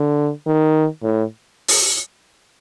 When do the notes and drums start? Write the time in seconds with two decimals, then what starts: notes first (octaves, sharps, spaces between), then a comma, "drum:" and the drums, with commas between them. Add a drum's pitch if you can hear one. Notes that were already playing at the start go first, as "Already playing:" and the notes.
Already playing: D3
0.46 D#3
1.03 A2
1.68 drum: open hi-hat